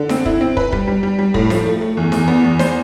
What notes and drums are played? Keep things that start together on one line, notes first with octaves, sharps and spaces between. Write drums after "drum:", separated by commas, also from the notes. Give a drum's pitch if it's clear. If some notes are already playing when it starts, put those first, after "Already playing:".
Already playing: D3
C4, drum: snare D#4
E4, drum: kick
C4
B4, drum: kick
G3, drum: kick
G3
G3
G3
A2, drum: kick
F3, drum: snare D#4
A3
A3
E2
E2, drum: snare D#4
B3
E2
C5, drum: snare D#4